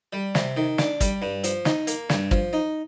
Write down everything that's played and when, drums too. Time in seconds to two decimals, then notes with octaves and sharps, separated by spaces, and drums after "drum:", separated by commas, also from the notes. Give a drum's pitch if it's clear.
0.13 G3
0.35 C3, drum: snare
0.56 D#3
0.78 D4, drum: snare
1.01 G3, drum: kick, hi-hat
1.22 G2
1.44 F3, drum: hi-hat
1.65 D#4, drum: snare
1.87 A#3, drum: hi-hat
2.10 G2, drum: snare
2.31 F3, drum: kick
2.53 D#4